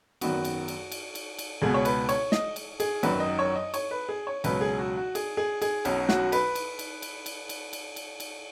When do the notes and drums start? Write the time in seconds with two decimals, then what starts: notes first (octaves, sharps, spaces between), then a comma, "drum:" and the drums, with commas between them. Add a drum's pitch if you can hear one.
0.21 G#1 F#2 D#3 B3 F#4, drum: cymbal
0.45 drum: cymbal
0.68 drum: cymbal
0.92 drum: cymbal
1.15 drum: cymbal
1.39 drum: cymbal
1.62 C#2 B2 B3 G#4
1.74 C#5
1.85 B4, drum: cymbal
2.09 C#5, drum: cymbal
2.32 D#5, drum: snare
2.56 drum: cymbal
2.80 G#4, drum: cymbal
3.03 G#1 F#2 D#3 F#3 B4, drum: cymbal
3.20 D#5
3.39 C#5
3.56 D#5
3.74 C#5, drum: cymbal
3.91 B4
4.09 G#4
4.27 C#5
4.44 C#2 B2 F#3 C#4 B4, drum: cymbal
4.61 G#4
4.79 F#4
4.97 F#4
5.15 G#4, drum: cymbal
5.37 G#4
5.62 G#4, drum: cymbal
5.85 B1 B2 F#3 C#4, drum: cymbal
6.09 F#4, drum: snare
6.32 B4, drum: cymbal
6.55 drum: cymbal
6.79 drum: cymbal
7.02 drum: cymbal
7.26 drum: cymbal
7.49 drum: cymbal
7.73 drum: cymbal
7.96 drum: cymbal
8.20 drum: cymbal